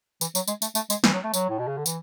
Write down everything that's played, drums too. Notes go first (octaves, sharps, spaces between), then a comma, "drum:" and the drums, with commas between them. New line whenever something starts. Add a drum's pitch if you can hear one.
E3, drum: tambourine
F#3, drum: tambourine
G#3, drum: tambourine
A3, drum: tambourine
A3, drum: tambourine
G#3, drum: tambourine
E3, drum: snare
F#3
A3
F#3, drum: tambourine
A2
B2
C#3
D3
E3, drum: tambourine